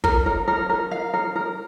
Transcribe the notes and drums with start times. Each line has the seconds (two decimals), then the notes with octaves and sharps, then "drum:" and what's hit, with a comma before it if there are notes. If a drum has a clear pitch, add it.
0.04 A#4, drum: kick
0.26 A#4
0.48 A#4
0.69 A#4
0.91 F5
1.14 A#4
1.36 A#4